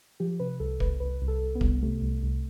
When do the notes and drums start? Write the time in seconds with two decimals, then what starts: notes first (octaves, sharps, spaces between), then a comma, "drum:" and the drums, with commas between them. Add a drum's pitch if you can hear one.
0.20 F3 G4
0.40 C3 B4
0.60 C2 A4
0.80 C2 B4, drum: kick F1
1.00 C2 B4
1.22 C2
1.28 A4
1.42 C2
1.55 B3
1.61 C2, drum: kick F1
1.82 C3 A3
2.02 C2
2.23 C2